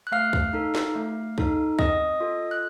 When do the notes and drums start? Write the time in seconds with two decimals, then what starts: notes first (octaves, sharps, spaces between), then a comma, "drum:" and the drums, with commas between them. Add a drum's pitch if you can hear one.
0.07 F#6
0.12 A3 F5 F6
0.33 drum: kick
0.53 D#4 A4
0.75 drum: snare D4
0.95 A3
1.38 D#4 A4, drum: kick
1.79 C4 D#5 D#6, drum: kick
2.20 F4 A4
2.51 F#6